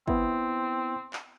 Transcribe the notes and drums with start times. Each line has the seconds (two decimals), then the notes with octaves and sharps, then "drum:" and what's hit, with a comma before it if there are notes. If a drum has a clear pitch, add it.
0.08 B3 C4 E4, drum: kick
1.13 drum: clap